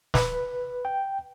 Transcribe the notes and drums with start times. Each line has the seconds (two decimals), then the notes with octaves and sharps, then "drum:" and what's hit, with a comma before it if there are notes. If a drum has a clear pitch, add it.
0.14 B4, drum: snare
0.85 G5